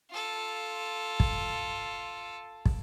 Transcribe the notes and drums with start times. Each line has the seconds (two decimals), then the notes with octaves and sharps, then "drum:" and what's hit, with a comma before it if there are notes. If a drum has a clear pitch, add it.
0.10 F4 A4
1.20 drum: kick
2.65 drum: kick